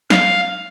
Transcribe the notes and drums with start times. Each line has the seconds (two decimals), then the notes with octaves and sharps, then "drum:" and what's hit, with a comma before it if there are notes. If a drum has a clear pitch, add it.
0.10 F5, drum: snare